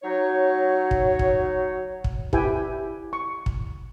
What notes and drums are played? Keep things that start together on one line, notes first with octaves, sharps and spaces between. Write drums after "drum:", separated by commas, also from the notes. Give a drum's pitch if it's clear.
F#3 D#4 C#5
drum: kick
drum: kick
drum: kick
E4 G4 B4 E5 G5 G#5, drum: kick
C#6
drum: kick